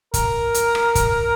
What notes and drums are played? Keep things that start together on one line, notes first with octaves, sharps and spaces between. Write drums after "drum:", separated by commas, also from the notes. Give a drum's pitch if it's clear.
A#4, drum: kick, hi-hat
drum: hi-hat
drum: rim click
drum: kick, hi-hat